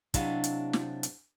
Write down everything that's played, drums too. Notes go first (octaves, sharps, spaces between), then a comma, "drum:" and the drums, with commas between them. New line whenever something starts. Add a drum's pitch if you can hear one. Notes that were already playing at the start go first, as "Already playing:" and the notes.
C3 F#3 D4 E4 D#5 F5, drum: kick, hi-hat
drum: hi-hat
drum: snare
drum: hi-hat